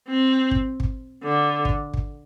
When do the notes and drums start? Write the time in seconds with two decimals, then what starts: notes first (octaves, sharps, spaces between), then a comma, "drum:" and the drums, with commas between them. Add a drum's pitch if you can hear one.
0.08 C4
0.51 drum: kick
0.80 drum: kick
1.23 D3
1.65 drum: kick
1.94 drum: kick